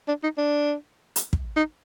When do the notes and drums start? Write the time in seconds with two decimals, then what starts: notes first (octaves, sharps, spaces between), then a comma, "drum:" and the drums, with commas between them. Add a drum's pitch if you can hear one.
0.08 D4
0.23 D#4
0.38 D4
1.16 drum: hi-hat
1.33 drum: kick
1.57 D#4